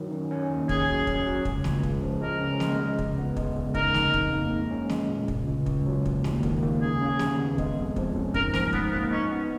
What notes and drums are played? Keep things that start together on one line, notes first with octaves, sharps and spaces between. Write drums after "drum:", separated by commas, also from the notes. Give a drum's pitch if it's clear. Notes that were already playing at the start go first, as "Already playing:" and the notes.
Already playing: D#3 F#3
C#4
C#4
D#2
C#4 G#4, drum: kick
F#3
C#4, drum: kick
F#3
C#2, drum: kick
C#2, drum: snare
C#3, drum: kick
F3
G#3 A#4
C#4
G#3, drum: snare
G#3
C#2, drum: kick
B3
G#3, drum: kick
C#3
D#4 A#4, drum: kick
D#4, drum: snare
F2, drum: kick
A#3
G#3
C#4
G#3, drum: snare
A#2
C#2, drum: kick
C#2
C#2, drum: kick
F#3
D#2, drum: kick
D#2, drum: snare
D#3, drum: kick
A#3
C#3 G#4
C#3
D#2, drum: snare
B3
G#3, drum: kick
F2
F3, drum: kick
C#4
G#2 A#4, drum: kick
F3 A#4, drum: snare
G#2 B3, drum: kick
A#3 B3
C#4 D#4
B3